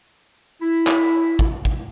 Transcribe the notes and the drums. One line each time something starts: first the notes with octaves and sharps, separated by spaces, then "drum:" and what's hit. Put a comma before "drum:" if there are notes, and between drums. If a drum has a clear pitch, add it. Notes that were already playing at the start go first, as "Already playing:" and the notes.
E4
drum: clap
drum: kick
drum: kick